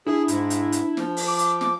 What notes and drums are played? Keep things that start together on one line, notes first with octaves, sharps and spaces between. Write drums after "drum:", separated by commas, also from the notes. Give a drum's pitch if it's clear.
D4 E4 G#4
G#2, drum: hi-hat
drum: hi-hat
drum: hi-hat
F3, drum: snare
drum: open hi-hat
D6
drum: hi-hat
drum: snare